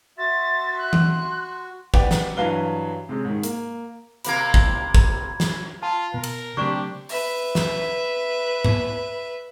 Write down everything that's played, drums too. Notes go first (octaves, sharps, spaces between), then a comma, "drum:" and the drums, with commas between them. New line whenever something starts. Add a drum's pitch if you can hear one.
F#4 E5 C6 A6
F#6
drum: tom E3
G4 B4 D5 F#5 G5, drum: kick
drum: snare
G2 E3 F#3 B4 F5 G7
C3 G#3 C#4
G#2 D#3
A#3, drum: hi-hat
C3 A#3 A#4 B5 G#6, drum: hi-hat
drum: kick
drum: kick
drum: snare
F4 A5
B2 A#4
drum: cymbal
C#3 F#3 A3 C4 D4 G4 C#6
B4 E5, drum: open hi-hat
drum: snare
drum: tom G#2